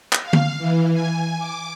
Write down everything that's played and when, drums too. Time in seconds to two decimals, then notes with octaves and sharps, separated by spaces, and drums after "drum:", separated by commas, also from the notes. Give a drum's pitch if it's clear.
0.13 drum: clap
0.23 F5
0.33 drum: tom
0.58 E3
0.94 G#5
1.38 D6